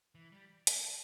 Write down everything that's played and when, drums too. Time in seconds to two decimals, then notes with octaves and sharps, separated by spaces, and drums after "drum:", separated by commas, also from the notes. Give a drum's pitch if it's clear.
0.15 E3
0.32 G3
0.67 drum: hi-hat